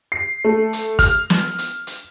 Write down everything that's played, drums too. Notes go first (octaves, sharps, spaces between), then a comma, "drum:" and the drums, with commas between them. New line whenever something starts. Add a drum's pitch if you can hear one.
C7
A3
drum: hi-hat
F6, drum: kick, hi-hat
drum: snare
drum: hi-hat
drum: hi-hat